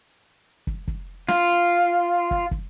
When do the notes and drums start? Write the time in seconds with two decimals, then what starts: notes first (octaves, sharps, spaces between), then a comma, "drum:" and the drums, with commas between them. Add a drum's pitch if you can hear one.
0.67 drum: kick
0.88 drum: kick
1.29 F4, drum: snare
2.31 drum: kick
2.51 drum: kick